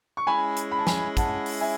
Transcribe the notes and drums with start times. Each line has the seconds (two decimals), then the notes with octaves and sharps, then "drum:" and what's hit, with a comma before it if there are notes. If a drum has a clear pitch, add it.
0.17 C#6
0.27 G#3 C#4 E4 G#5 B5
0.57 drum: hi-hat
0.71 B5
0.79 A5
0.87 G#5 B5, drum: snare
1.17 F#5 A5, drum: kick, hi-hat
1.46 drum: open hi-hat
1.61 E5 G#5